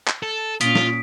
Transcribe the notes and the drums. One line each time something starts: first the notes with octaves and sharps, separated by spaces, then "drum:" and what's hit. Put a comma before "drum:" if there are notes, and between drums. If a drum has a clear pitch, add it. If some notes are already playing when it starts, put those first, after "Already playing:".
drum: clap
A4
A#2 C#4 F4 D#6 B6 D7, drum: hi-hat
drum: snare